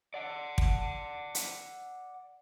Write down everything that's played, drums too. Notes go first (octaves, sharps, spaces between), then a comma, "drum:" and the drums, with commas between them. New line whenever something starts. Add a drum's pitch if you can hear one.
D5 F#5
drum: kick
drum: hi-hat